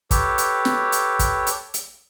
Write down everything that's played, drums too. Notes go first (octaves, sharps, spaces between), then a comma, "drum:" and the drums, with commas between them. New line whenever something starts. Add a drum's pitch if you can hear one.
G4 A4 B4 C#5, drum: kick, hi-hat
drum: hi-hat
drum: snare
drum: hi-hat
drum: kick, hi-hat
drum: hi-hat
drum: hi-hat